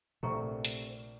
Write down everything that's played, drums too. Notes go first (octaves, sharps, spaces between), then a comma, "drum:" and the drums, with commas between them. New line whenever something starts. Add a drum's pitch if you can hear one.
A#1 C3 A3 A#4 G#5 A#5 C#6 C#7
drum: hi-hat